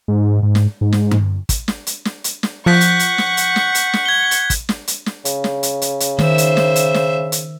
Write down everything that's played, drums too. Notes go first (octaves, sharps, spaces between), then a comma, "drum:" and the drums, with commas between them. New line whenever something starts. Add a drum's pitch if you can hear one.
G#2
G#2
drum: snare
G#2
drum: snare
drum: tom G2
drum: kick, hi-hat
drum: snare
drum: hi-hat
drum: snare
drum: hi-hat
drum: snare
F3 F#5 C#6 F#6 G6 B6
drum: hi-hat
drum: hi-hat
drum: snare
drum: hi-hat
drum: snare
drum: hi-hat
drum: snare
G#6 G7
drum: hi-hat
drum: kick, hi-hat
drum: snare
drum: hi-hat
drum: snare
C#3, drum: hi-hat
drum: snare
drum: hi-hat
drum: hi-hat
drum: hi-hat
D#3 C5 E5, drum: snare
drum: hi-hat
drum: snare
drum: hi-hat
drum: snare
drum: hi-hat